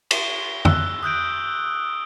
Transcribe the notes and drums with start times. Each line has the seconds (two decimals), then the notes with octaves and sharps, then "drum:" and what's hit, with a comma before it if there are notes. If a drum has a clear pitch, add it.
0.11 C#6 G7, drum: cymbal
0.65 E6 F#6, drum: tom F2
1.03 D#6 F#6 G6 D7